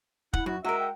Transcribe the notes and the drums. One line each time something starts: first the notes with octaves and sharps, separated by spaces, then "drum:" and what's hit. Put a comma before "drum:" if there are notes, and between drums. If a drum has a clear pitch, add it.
E4 F#5, drum: kick
F#2 F#4
G#3 F#4 A#4 E5 A#5
G5